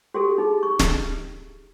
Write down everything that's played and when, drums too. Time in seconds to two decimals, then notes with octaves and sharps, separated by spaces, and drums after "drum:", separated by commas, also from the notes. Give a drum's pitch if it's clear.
0.14 F#4 G4 A4
0.38 D#4 G#4
0.63 C#6
0.79 drum: snare